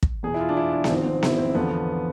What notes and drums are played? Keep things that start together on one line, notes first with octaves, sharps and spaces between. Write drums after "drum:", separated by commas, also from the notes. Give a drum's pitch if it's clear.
drum: kick
E2 B2 G#4
E4
F4
D4
E4
D4
D4, drum: snare B3
G#1 G#2 F3 C4
C4
E4, drum: snare B3
C4
E2 D3 F3 B3